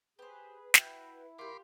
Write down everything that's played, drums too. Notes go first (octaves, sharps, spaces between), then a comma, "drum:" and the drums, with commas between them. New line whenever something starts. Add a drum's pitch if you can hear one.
G4 G#4 B4 C5
E4 F#4 E5 G5, drum: snare
F4 G4 A#4 B5 C6 D6